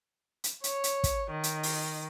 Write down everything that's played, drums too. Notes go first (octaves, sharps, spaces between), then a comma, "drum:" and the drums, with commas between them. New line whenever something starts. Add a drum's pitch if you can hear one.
drum: hi-hat
C#5, drum: hi-hat
drum: hi-hat
drum: kick, hi-hat
D#3
drum: hi-hat
drum: open hi-hat